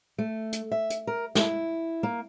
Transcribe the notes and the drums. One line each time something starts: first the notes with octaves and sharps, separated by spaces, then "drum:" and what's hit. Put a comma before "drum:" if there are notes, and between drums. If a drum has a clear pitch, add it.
A3
drum: hi-hat
E5
drum: hi-hat
A#4
E4, drum: snare
A#3